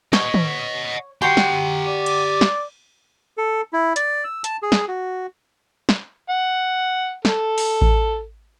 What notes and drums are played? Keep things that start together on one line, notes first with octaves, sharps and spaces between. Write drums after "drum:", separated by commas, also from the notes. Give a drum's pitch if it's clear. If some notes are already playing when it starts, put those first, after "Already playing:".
C#5 D#5 F#5, drum: snare
drum: tom
F#4 G4 G5 A#5 C6
drum: snare
D5
drum: cymbal
drum: snare
A4
E4
D5, drum: hi-hat
E6
A5, drum: hi-hat
G#4
drum: snare
F#4
drum: snare
F#5
A4, drum: snare
drum: open hi-hat
drum: kick A1